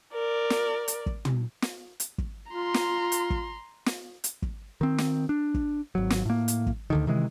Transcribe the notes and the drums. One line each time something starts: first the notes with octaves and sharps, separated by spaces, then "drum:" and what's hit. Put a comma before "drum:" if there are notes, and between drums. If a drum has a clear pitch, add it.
A#4 D5
drum: snare
drum: hi-hat
drum: kick
drum: tom
drum: snare
drum: hi-hat
drum: kick
F4 A#5 C6
drum: snare
drum: hi-hat
drum: kick
drum: snare
drum: hi-hat
drum: kick
D#3 C4
drum: snare
D4
drum: kick
G#1 F#3
drum: snare
A2 A#3
drum: hi-hat
drum: kick
D2 D3 D#3
C3 D#3 E3 G#3